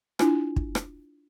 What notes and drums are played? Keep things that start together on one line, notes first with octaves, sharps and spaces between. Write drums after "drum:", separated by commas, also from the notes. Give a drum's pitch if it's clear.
D4 E4 F4 G#5, drum: rim click
drum: kick
drum: rim click